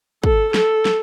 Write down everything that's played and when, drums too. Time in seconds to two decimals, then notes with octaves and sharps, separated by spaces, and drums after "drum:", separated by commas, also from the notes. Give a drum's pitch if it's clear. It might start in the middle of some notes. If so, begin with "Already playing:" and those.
0.24 A4, drum: kick
0.54 A4, drum: snare
0.85 drum: snare